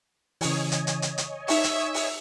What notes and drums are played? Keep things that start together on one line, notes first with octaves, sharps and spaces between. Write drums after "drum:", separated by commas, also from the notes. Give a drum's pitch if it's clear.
C#3 E3 C#5 D#5 G#5, drum: open hi-hat
drum: hi-hat
drum: hi-hat
drum: hi-hat
drum: hi-hat
D#4 E5 G5 C#6, drum: open hi-hat
drum: hi-hat
drum: open hi-hat